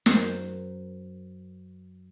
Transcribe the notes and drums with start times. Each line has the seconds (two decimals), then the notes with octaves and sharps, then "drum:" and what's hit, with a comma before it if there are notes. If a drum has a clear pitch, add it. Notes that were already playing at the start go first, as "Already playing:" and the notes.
0.06 F#2 C5, drum: snare